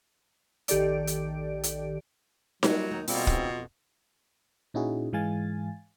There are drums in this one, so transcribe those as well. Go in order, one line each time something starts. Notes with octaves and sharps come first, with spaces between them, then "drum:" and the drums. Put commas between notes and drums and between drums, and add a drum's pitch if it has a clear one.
A#1 D#3 G4 A4 D5 D7, drum: hi-hat
drum: hi-hat
drum: hi-hat
F#3 G3 A#3 F4, drum: snare D#4
D#2 D#3 D#4
B2 G3 A#3 C4 F4, drum: open hi-hat
G#2 C#3 C4, drum: kick
F2
A#2 C#4 D#4 E4 F#4 G#4
G#2 E3 G#3 F5 G#5 A6